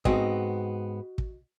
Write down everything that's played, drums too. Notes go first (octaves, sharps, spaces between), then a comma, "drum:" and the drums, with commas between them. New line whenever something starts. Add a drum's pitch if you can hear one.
G#2 B3 C4 F#4 D#5, drum: kick
drum: kick